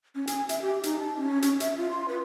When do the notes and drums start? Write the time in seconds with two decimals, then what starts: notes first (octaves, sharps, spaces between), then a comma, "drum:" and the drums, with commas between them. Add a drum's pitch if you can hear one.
0.15 C#4
0.27 G#5, drum: hi-hat
0.49 E5, drum: hi-hat
0.62 G4
0.83 D#4, drum: hi-hat
0.99 A5
1.16 C#4
1.42 C#4, drum: hi-hat
1.60 E5, drum: hi-hat
1.77 F4
1.91 C6
2.08 B4